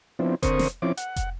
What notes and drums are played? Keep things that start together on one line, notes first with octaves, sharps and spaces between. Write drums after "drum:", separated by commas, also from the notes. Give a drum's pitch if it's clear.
F3 B3 C4 D4 E4
D3 C4 A#4 C5 C#6 D#6, drum: kick F1, hi-hat
drum: snare
F3 C4 C#4 E4 D6
F#5, drum: hi-hat
drum: kick F1, hi-hat